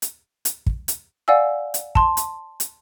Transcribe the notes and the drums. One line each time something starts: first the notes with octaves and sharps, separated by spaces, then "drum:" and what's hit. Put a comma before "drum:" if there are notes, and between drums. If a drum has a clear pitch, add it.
drum: hi-hat
drum: hi-hat
drum: kick
drum: hi-hat
D5 F5 F#5 G#5 E6
drum: hi-hat
A5 C6, drum: kick
drum: hi-hat
drum: hi-hat